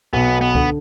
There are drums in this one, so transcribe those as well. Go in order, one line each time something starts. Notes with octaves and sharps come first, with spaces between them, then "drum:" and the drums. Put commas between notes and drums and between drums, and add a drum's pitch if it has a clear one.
B1 B2 B3
B3
D3, drum: kick C#2